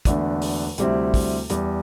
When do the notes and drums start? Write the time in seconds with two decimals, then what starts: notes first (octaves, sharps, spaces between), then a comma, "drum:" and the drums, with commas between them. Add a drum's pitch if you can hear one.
0.05 E1 E2 D3 A3 D4, drum: kick, hi-hat
0.42 drum: open hi-hat
0.78 D2 C3 G3 C4 E4, drum: hi-hat
1.14 drum: kick, open hi-hat
1.50 E2 E3 G3, drum: hi-hat